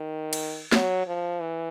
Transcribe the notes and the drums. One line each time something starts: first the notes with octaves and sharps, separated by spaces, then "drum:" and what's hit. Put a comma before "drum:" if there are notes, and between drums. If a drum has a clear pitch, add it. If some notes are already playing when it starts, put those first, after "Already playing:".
Already playing: D#3
drum: cymbal
F#3, drum: snare
F3
E3